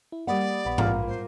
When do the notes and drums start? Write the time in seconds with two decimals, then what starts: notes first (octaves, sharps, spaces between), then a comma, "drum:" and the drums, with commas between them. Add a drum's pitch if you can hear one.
0.12 E4
0.27 G3 A#3 D5 F#5 B5 D#6
0.65 A#1 B3 B5
0.78 A#3 F4 A#4, drum: tom G#2
1.08 C5